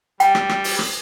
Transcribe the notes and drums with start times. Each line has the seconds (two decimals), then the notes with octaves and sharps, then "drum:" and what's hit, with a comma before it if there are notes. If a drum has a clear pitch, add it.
0.20 G3 G5, drum: hi-hat
0.35 drum: rim click
0.49 drum: rim click
0.64 drum: open hi-hat
0.79 drum: rim click